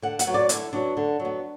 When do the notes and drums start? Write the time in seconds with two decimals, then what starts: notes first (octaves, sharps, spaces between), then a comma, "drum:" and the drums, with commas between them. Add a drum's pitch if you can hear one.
0.02 D3 F#5
0.19 F#5, drum: hi-hat
0.26 F#3 B3
0.34 D5
0.49 D3 E4, drum: hi-hat
0.73 F#3 B3 D4
0.97 D3
1.19 F#3
1.25 B3